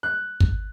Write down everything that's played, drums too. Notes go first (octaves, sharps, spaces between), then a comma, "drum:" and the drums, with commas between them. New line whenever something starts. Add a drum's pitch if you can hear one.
F#6
drum: kick